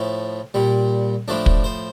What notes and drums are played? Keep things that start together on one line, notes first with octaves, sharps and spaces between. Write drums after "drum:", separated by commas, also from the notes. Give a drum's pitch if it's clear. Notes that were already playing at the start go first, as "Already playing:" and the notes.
Already playing: A2 F3 A3
A#2 G3
A2 F3 A3 D4
drum: kick
C5